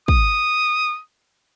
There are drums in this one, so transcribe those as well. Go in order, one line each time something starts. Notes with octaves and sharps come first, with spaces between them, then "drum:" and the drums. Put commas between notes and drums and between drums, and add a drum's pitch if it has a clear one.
D#6, drum: kick